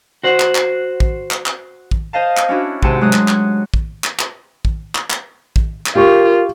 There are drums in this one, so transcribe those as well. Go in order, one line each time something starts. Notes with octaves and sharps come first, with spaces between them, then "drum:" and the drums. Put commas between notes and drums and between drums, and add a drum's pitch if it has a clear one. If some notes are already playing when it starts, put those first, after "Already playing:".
F#4 C5 F#5
drum: clap
drum: clap
drum: kick
drum: clap
drum: clap
drum: kick
C5 D#5 F5 A5
drum: clap
C#4 D4 E4 F#4
G#2 C3 G#4 F#5 G5 A5, drum: kick
F#3 G#3 D#6 F#6
drum: clap
drum: clap
drum: kick
drum: clap
drum: clap
drum: kick
drum: clap
drum: clap
drum: kick
drum: clap
F4 G4 A#4 C#6